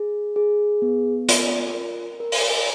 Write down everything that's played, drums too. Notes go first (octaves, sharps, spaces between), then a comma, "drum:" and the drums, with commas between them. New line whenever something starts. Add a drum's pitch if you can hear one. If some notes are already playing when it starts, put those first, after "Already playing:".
Already playing: G#4
G#4
B3
F4, drum: hi-hat
A#4
A#4
drum: open hi-hat